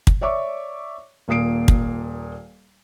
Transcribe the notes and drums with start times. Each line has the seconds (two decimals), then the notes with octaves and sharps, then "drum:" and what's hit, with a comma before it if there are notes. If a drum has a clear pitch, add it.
0.07 drum: kick
0.21 C#5 D5 E5 C#6 D6
1.28 D#1 A#2 A#3 D#6 C7 D7
1.68 drum: kick